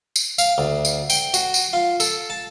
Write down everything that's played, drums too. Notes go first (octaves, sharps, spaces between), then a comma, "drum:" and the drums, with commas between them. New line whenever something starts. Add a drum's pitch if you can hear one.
drum: tambourine
F5, drum: tambourine
D2
drum: tambourine
G5, drum: tambourine
F#4, drum: tambourine
drum: tambourine
F4
A4, drum: tambourine
A5